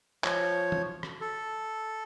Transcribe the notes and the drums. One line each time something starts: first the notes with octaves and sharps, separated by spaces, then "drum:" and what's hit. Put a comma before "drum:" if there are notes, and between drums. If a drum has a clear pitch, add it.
F3 C#5, drum: clap
drum: tom
drum: rim click
A4